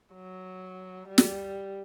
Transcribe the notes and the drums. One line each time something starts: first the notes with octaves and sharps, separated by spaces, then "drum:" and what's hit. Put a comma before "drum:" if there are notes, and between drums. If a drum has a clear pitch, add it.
F#3
G3
drum: snare